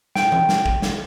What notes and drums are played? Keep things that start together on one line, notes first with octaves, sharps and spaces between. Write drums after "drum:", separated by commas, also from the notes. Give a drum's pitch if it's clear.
G5, drum: snare
drum: tom E3
drum: snare
drum: kick
drum: snare